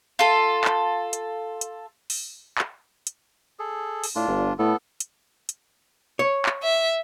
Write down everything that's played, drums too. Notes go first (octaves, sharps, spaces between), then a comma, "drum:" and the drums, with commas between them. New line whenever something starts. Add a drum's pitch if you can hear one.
F4 A4
drum: clap
drum: hi-hat
drum: hi-hat
drum: open hi-hat
drum: clap
drum: hi-hat
G#4 A4
drum: open hi-hat
A2 D4 F4
G1
A2 B3 A4
drum: hi-hat
drum: hi-hat
C#5
drum: clap
E5